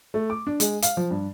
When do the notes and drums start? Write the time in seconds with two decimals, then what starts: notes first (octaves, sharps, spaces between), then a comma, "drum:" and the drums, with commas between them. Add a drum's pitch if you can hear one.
0.14 A3
0.30 D6
0.47 D4
0.60 G#3, drum: hi-hat
0.82 F5, drum: hi-hat
0.97 F3
1.11 G2